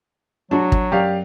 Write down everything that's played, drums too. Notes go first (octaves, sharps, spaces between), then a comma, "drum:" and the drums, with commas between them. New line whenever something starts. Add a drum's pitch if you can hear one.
F#3 D4 F#4
drum: kick
F#2 G4 D5 F5